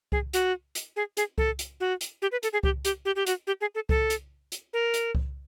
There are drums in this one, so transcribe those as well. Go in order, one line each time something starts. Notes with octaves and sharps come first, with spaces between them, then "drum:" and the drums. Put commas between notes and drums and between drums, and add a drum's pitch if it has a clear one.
G#4, drum: kick C2
F#4, drum: hi-hat
drum: hi-hat
G#4
G#4, drum: hi-hat
A4, drum: kick C2
drum: hi-hat
F#4
drum: hi-hat
G4
B4
A4, drum: hi-hat
G#4
G4, drum: kick C2
G4, drum: hi-hat
G4
G4
F#4, drum: hi-hat
G4
G#4
A4
A4, drum: kick C2
drum: hi-hat
drum: hi-hat
A#4
drum: hi-hat
drum: kick C2